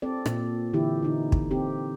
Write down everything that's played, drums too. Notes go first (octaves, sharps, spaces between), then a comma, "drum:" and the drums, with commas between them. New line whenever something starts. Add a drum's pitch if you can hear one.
C4 A4 D5
A#2, drum: rim click
D3 E3 E4 G4
D3 D#4
drum: kick
C4 G4